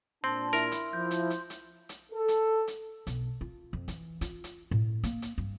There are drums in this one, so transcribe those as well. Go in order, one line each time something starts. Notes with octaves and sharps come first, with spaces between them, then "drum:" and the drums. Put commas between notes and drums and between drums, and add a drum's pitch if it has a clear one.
A#2 C4 D4 A5 C6
E4 A#4, drum: hi-hat
drum: hi-hat
F3 G6
drum: hi-hat
drum: hi-hat
drum: hi-hat
drum: hi-hat
A4
drum: hi-hat
drum: hi-hat
B1, drum: hi-hat
F4
F2
E3, drum: hi-hat
F4, drum: hi-hat
drum: hi-hat
A2
A#3, drum: hi-hat
drum: hi-hat
G2